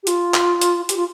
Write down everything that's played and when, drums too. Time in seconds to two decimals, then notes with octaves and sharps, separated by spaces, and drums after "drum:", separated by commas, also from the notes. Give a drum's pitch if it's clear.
0.03 G4
0.07 F4, drum: hi-hat
0.34 drum: clap
0.61 drum: hi-hat
0.89 G4, drum: hi-hat
0.96 F4